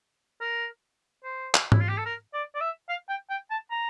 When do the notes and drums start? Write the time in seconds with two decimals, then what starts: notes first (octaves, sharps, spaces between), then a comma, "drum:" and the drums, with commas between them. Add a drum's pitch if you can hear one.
0.41 A#4
1.23 C5
1.54 drum: clap
1.72 E4, drum: tom G#2
1.80 F4
1.89 G4
1.97 A4
2.05 A#4
2.34 D5
2.55 D5
2.61 E5
2.89 F5
3.09 G5
3.30 G5
3.51 A5
3.71 A#5